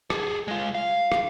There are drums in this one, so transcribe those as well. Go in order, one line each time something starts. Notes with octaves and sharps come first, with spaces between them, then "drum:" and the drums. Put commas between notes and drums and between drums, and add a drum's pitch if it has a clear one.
G#4 A4, drum: rim click
G#3 F4
F5
drum: rim click